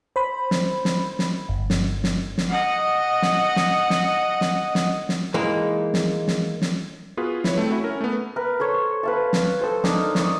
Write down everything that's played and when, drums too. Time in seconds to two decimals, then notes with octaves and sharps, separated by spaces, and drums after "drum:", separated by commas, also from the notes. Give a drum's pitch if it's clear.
0.16 C5 B5
0.51 drum: snare
0.85 drum: snare
1.19 drum: snare
1.49 G1
1.70 drum: snare
2.04 drum: snare
2.38 drum: snare
2.49 D#5 F#5
3.22 drum: snare
3.56 drum: snare
3.90 drum: snare
4.41 drum: snare
4.75 drum: snare
5.09 drum: snare
5.34 E3 G#3 A#3 D#4
5.94 drum: snare
6.28 drum: snare
6.62 drum: snare
7.17 B3 F4 F#4 G#4 B4
7.44 E4 B4 C#5, drum: snare
7.58 A3 C4
7.70 C#4 E4 F#4
7.84 C#4 A#4
8.01 A3 B3
8.36 A#4 B4
8.60 A4 C5 C#5
9.03 B4 F5 A5
9.33 drum: snare
9.61 A4 C5
9.84 D4 D#4 A#4 G#5, drum: snare
10.15 D5 C#6 D#6, drum: snare